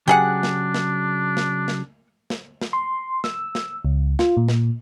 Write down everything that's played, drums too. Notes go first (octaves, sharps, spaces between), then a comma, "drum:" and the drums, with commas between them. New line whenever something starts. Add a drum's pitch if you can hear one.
C#3 F#3 D4 G4 G#4 F#5
drum: snare
drum: snare
drum: snare
drum: snare
drum: snare
drum: snare
C6
E6, drum: snare
drum: snare
C#2
F4, drum: snare
A#2
drum: snare